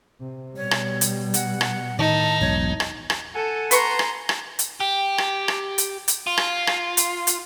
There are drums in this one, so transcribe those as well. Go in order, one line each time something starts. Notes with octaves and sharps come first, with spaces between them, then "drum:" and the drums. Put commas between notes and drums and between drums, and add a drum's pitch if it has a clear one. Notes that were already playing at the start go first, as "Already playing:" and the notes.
C3
B2 G3 C#5
drum: rim click
drum: hi-hat
F#5, drum: hi-hat
drum: rim click
A2 D#3 D#4 A5
E1 B1 C#5
drum: rim click
drum: rim click
A4 F#5 G#5 A5
B4 A#5 C6 C#6, drum: hi-hat
drum: rim click
drum: rim click
drum: hi-hat
G4
drum: rim click
drum: rim click
drum: hi-hat
drum: hi-hat
F4
drum: rim click
drum: rim click
drum: hi-hat
drum: hi-hat